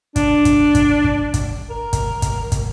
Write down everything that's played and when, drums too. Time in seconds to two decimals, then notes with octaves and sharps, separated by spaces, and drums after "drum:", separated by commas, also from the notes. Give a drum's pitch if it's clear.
0.16 D4, drum: kick, hi-hat
0.45 drum: kick, hi-hat
0.75 drum: kick, hi-hat
1.04 drum: kick
1.34 drum: kick, hi-hat
1.70 A#4
1.93 drum: kick, hi-hat
2.22 drum: kick, hi-hat
2.52 drum: kick, hi-hat